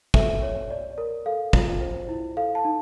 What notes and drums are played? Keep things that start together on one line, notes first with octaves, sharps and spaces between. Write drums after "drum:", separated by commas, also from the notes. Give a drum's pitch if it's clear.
A4 E5, drum: kick
C#5
D5
A#4
A4 F5
F4, drum: kick
C5
E4
A4 F5
A5
D#4